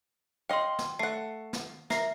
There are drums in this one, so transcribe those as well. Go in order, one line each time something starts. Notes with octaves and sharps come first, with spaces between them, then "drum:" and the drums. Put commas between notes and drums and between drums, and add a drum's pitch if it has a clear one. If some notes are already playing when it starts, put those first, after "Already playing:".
D#5 F5 G5 C6
drum: snare
A3 F#5 C7
drum: snare
A#4 E5 C7, drum: snare